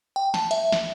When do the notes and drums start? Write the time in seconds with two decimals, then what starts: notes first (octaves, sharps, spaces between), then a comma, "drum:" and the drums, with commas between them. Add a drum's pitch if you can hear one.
0.16 G5
0.34 A5, drum: snare
0.51 E5, drum: hi-hat
0.72 drum: snare